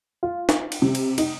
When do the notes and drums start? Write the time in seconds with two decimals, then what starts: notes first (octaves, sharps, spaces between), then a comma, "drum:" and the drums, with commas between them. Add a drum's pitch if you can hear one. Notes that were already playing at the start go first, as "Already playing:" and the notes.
0.23 F4
0.49 drum: snare
0.72 drum: cymbal
0.82 C3
0.95 drum: cymbal
1.18 D#4, drum: cymbal